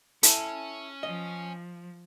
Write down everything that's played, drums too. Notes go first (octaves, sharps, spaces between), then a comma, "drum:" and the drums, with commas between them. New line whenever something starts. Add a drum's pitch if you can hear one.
C#4 E4 A4, drum: hi-hat
F3 D#5